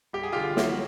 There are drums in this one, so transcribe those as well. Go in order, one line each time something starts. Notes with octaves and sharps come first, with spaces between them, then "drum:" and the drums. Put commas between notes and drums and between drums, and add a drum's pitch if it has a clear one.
G3 G4
G#4
D3 F4 G4
F#3 E4 F#4, drum: snare